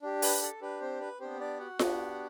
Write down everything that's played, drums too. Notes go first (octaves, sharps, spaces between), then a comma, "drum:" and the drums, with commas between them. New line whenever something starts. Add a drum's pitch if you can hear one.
D4 G4
B4, drum: open hi-hat
A4
D4 G4 B4
C4 C5
B4
B3 C4 D4 G4 C5
D4 D5
F#4 F#5
B3 D4 G4, drum: snare F4